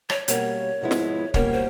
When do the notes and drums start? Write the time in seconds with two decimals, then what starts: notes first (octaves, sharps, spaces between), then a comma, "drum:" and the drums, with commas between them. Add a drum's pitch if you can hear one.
0.10 C#5, drum: rim click
0.28 B2 G3 A#3 C#4 C#5, drum: hi-hat
0.81 G#2 F3 G#3 B3 E4
0.91 drum: snare
1.34 B2 G3 A#3 C#4 C#5, drum: kick
1.52 C5